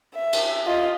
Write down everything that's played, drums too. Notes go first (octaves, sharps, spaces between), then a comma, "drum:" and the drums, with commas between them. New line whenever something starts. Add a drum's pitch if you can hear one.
E5
drum: cymbal
F4 D#5